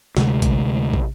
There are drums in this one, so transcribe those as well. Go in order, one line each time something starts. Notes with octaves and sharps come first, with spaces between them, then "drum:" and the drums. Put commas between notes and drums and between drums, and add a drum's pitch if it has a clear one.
D2 C3 G#3, drum: snare
drum: kick, hi-hat
drum: kick